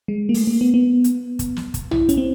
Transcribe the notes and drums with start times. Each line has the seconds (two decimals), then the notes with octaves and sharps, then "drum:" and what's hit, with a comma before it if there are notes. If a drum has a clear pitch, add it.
0.08 G#3
0.29 A#3
0.34 A3, drum: open hi-hat
0.47 A#3
0.61 B3
0.74 B3
1.04 drum: hi-hat
1.39 drum: kick, hi-hat
1.57 drum: snare
1.74 drum: kick, hi-hat
1.91 E4, drum: tom
2.09 C#4, drum: hi-hat
2.17 C4